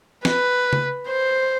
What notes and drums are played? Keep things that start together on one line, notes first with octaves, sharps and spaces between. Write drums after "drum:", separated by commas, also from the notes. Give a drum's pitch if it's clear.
B4, drum: snare
drum: tom C#3
C5